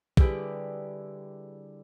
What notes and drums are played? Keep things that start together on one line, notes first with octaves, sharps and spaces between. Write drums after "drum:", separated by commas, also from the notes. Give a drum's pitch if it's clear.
D3 G3 E4 G4 G#4 B4, drum: kick